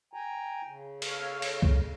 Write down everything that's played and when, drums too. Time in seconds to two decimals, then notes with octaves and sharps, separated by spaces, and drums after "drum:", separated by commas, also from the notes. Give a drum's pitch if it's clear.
0.13 G5 G#5 A#5
0.66 C#3
1.02 A4 C#5 F5, drum: cymbal
1.42 drum: cymbal
1.62 drum: kick C2